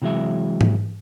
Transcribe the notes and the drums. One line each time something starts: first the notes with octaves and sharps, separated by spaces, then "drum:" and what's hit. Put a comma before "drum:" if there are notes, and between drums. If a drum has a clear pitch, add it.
C3 E3 F#3 G#3 E5
drum: tom G#2